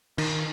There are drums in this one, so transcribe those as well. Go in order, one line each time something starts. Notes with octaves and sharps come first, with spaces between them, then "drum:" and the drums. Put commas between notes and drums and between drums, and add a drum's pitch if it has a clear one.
D#3, drum: cymbal